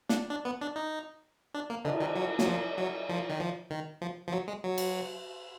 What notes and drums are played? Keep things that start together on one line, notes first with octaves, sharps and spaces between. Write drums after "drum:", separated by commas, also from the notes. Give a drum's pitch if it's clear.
D4, drum: snare
D4
B3
D4
D#4
D4
A#3
D3, drum: cymbal
D#3
F#3
F#3, drum: snare
F3
F#3
F3
D#3
F3
D#3
F3
F3
F#3
G#3
F#3
drum: cymbal